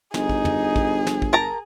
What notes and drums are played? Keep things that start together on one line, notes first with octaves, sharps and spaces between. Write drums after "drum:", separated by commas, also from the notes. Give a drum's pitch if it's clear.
G1 D#4 G#4, drum: snare
drum: kick
drum: tom
drum: kick
drum: snare
drum: kick
A#4 A5 A#5